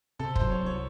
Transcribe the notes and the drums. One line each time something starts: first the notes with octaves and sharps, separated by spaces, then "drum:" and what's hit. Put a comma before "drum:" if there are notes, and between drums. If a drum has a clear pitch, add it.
C3 A4
C5, drum: kick
F#3
C#5
C2
C#5